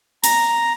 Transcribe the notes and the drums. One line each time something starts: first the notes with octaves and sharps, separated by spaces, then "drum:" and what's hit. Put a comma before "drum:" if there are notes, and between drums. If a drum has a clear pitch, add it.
A#5, drum: hi-hat